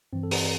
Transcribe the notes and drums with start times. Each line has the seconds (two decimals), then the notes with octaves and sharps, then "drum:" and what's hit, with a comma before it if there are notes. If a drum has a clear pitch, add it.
0.13 G2 E3 C4
0.23 A4
0.31 G4, drum: open hi-hat